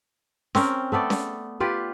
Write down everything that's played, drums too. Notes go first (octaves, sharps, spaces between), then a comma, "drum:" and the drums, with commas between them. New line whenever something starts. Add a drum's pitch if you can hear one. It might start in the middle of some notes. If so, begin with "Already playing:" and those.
C4 C#4 A#4, drum: snare C#4
A3 B3 A4 D5
drum: snare C#4
F4 G4 B4 D5